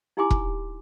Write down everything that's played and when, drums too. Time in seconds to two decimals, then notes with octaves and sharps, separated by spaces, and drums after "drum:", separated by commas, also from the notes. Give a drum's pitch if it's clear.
0.17 D#4 E4 G4 G#5 C6 D6
0.31 drum: kick E1